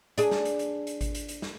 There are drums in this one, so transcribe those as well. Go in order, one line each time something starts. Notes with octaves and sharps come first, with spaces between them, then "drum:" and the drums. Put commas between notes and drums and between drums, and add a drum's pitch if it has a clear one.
D4 G#4, drum: hi-hat
drum: snare
drum: hi-hat
drum: hi-hat
drum: hi-hat
drum: kick G#1, hi-hat
drum: hi-hat
drum: hi-hat
drum: snare